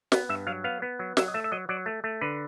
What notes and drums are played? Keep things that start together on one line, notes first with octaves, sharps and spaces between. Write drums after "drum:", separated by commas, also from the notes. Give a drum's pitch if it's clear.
B3, drum: snare
G2 E5
F#3 F5
B3 F5
B3
F#3
F#3 E5, drum: snare
D#5
A3 E5
E5
F#3 D#5
F#3 D5
A3
A3
D3 B4